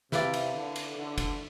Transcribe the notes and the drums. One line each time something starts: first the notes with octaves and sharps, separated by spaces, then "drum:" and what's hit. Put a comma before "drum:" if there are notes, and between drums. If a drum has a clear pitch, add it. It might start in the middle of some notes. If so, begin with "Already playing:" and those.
C3 E4 B4 D5 F5, drum: snare
drum: cymbal
D3
drum: cymbal
D3
drum: kick, cymbal